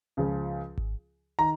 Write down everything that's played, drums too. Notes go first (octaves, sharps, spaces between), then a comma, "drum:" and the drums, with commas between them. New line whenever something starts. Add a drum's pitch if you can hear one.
C#2 C#3 F3
drum: kick G#1
D#3 A#5